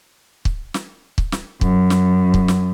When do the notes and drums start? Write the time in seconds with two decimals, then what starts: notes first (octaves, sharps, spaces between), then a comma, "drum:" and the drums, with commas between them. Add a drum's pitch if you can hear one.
0.45 drum: kick
0.74 drum: snare
1.18 drum: kick
1.32 drum: snare
1.61 F#2, drum: kick
1.90 drum: snare
2.34 drum: kick
2.48 drum: snare